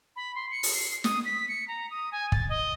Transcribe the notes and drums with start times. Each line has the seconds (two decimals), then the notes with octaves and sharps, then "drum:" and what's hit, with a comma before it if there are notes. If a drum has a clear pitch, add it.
0.16 B5
0.35 C6
0.51 C#7
0.63 drum: open hi-hat
0.75 C7
1.04 D#6, drum: snare
1.25 B6
1.48 C#7
1.68 A#5
1.91 D#6
2.12 G#5
2.32 A6, drum: kick
2.49 D#5